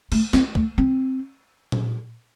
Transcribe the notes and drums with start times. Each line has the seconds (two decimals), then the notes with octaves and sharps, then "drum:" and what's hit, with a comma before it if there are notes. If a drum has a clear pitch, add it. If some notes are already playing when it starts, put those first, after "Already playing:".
0.12 A3, drum: cymbal
0.33 C4, drum: snare
0.55 A3, drum: kick
0.78 C4
1.72 drum: tom A#2